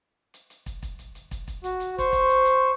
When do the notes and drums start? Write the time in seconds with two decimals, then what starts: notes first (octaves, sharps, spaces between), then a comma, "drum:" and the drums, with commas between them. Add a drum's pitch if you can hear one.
0.34 drum: hi-hat
0.50 drum: hi-hat
0.66 drum: kick, hi-hat
0.83 drum: kick, hi-hat
0.99 drum: hi-hat
1.15 drum: hi-hat
1.31 drum: kick, hi-hat
1.48 drum: kick, hi-hat
1.64 F#4, drum: hi-hat
1.80 drum: hi-hat
1.98 C5 C#6, drum: kick, hi-hat
2.13 drum: kick, hi-hat
2.29 drum: hi-hat
2.45 drum: hi-hat